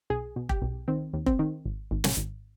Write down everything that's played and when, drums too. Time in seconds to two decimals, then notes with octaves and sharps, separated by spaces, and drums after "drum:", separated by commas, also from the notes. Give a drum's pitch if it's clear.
0.10 B1 G#4
0.36 B2
0.49 G4, drum: kick F1
0.62 B1
0.88 D#3 C4
1.13 D#2
1.26 C4, drum: kick F1
1.39 D#3
1.66 G#1
1.91 G#1
2.04 drum: snare
2.17 G#1